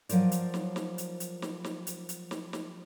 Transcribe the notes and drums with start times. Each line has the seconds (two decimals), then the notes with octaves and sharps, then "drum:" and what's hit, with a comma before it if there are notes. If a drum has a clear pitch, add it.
0.09 F3 F#3 A#4 C5 D5, drum: hi-hat
0.32 drum: hi-hat
0.54 drum: snare
0.76 drum: snare
0.98 drum: hi-hat
1.20 drum: hi-hat
1.42 drum: snare
1.64 drum: snare
1.87 drum: hi-hat
2.09 drum: hi-hat
2.31 drum: snare
2.53 drum: snare